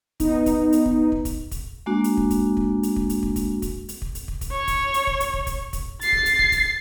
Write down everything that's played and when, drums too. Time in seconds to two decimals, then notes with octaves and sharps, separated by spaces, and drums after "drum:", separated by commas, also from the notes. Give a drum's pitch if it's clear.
0.20 B3 D#4, drum: kick, hi-hat
0.46 drum: kick, hi-hat
0.72 drum: hi-hat
0.86 drum: kick
1.12 drum: kick
1.25 drum: kick, hi-hat
1.51 drum: kick, hi-hat
1.86 G#3 A#3 D4 F#4
2.04 drum: hi-hat
2.17 drum: kick
2.31 drum: kick, hi-hat
2.57 drum: kick
2.83 drum: hi-hat
2.96 drum: kick
3.10 drum: hi-hat
3.23 drum: kick
3.36 drum: kick, hi-hat
3.62 drum: kick, hi-hat
3.89 drum: hi-hat
4.02 drum: kick
4.15 drum: hi-hat
4.28 drum: kick
4.41 drum: kick, hi-hat
4.51 C#5
4.68 drum: kick, hi-hat
4.94 drum: hi-hat
5.07 drum: kick
5.20 drum: hi-hat
5.33 drum: kick
5.47 drum: kick, hi-hat
5.73 drum: kick, hi-hat
6.01 A6 C7, drum: hi-hat
6.12 drum: kick
6.26 drum: hi-hat
6.39 drum: kick
6.52 drum: kick, hi-hat